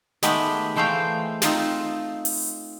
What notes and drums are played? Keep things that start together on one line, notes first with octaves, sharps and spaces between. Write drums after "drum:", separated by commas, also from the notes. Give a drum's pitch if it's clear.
D#3 G#3 A3 B3 G4 B4, drum: snare
E3 G#3 A3 C5 F5 G5
C4 D#4 F4 A5, drum: snare
drum: open hi-hat